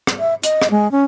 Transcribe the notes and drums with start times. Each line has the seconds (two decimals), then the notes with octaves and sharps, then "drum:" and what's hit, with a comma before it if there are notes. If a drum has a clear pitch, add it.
0.07 drum: rim click
0.19 E5
0.43 D#5, drum: hi-hat
0.62 drum: rim click
0.71 G#3
0.92 C#4